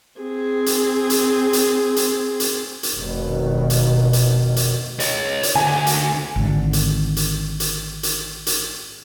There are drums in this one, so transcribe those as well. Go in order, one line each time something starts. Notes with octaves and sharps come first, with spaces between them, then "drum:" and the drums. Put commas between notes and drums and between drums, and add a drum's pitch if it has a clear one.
C4 G#4
drum: hi-hat
drum: hi-hat
drum: hi-hat
drum: hi-hat
drum: hi-hat
drum: hi-hat
F1 B2 D#3
drum: hi-hat
drum: hi-hat
drum: hi-hat
C#5 D#5, drum: hi-hat
drum: hi-hat
D2 G#5
drum: hi-hat
G#1 D3
drum: hi-hat
drum: hi-hat
drum: hi-hat
drum: hi-hat
drum: hi-hat